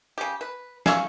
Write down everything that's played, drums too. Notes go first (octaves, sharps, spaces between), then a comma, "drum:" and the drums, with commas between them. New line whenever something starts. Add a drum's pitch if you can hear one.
C#3 G4
B4
G#4 E5 F5 C#6, drum: snare